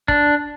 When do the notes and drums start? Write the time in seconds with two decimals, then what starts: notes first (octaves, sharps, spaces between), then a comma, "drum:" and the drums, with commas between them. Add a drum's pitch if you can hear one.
0.08 D4, drum: kick